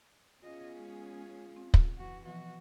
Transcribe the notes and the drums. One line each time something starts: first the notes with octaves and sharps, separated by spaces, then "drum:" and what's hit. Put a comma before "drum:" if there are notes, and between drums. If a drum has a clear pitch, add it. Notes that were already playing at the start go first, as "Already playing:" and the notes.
B3 C#4 F4 G#4 D#5
G#3
C4
drum: kick
E3 F#4
B2 E3 F3 F#4